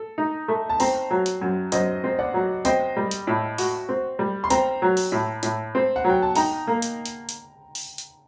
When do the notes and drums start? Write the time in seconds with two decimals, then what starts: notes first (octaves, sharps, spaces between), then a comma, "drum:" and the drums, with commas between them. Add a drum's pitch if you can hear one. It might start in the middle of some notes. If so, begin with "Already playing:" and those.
Already playing: A4
0.18 D#4
0.48 A3
0.70 A5
0.80 C4 G5 A#5, drum: open hi-hat
1.11 F#3
1.26 drum: hi-hat
1.41 F#2
1.72 F#2 C5 D#5, drum: hi-hat
2.04 C4
2.19 D5 F#5
2.34 F#3
2.65 C4 D#5 G5, drum: hi-hat
2.97 G3
3.11 drum: hi-hat
3.27 A2
3.58 F#4, drum: open hi-hat
3.89 C4
4.19 G3
4.44 C6
4.50 C4 G5 A#5, drum: hi-hat
4.82 F#3
4.97 drum: open hi-hat
5.12 A2
5.43 A2, drum: hi-hat
5.75 C4
5.96 F#5
6.04 F#3 G5
6.22 A5
6.35 D#4 G5 A#5, drum: open hi-hat
6.67 A#3
6.82 drum: hi-hat
7.06 drum: hi-hat
7.29 drum: hi-hat
7.75 drum: open hi-hat
7.98 drum: hi-hat